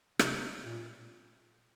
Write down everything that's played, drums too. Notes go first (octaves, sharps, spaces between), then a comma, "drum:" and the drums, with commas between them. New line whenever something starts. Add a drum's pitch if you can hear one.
C3, drum: rim click
A#2